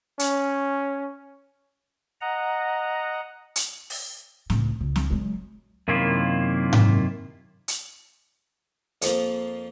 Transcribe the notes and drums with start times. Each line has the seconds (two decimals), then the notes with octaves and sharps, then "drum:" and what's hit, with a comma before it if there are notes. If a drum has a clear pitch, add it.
0.19 C#4, drum: hi-hat
2.21 D#5 F#5 A#5
3.56 drum: hi-hat
3.90 drum: open hi-hat
4.50 C#2 A2, drum: snare
4.81 C#2
4.96 drum: snare
5.10 F#3 G#3
5.88 F#2 C3 D#3 A#3 E4 F4
6.73 drum: tom G#2
7.68 drum: hi-hat
9.02 F2 F3 A#3, drum: hi-hat